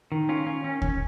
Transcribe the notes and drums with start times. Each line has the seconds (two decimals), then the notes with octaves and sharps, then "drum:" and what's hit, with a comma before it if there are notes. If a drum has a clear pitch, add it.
0.12 D#3
0.29 C#4 F4
0.47 C#4
0.64 C#4
0.82 C#4, drum: kick D2